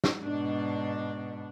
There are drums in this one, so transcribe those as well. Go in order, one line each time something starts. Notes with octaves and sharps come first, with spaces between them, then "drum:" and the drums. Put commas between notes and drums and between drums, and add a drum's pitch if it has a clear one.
drum: snare
G#2 B2 D4